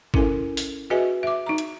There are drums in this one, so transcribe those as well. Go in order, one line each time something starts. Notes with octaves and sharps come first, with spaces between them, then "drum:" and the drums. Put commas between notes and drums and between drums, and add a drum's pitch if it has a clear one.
C#4 E4 A4 A#4 G#5, drum: kick G1
drum: open hi-hat
F#4 G#4 B4 D#5 E5 G#5
E5 D6
D#4 A#5
drum: hi-hat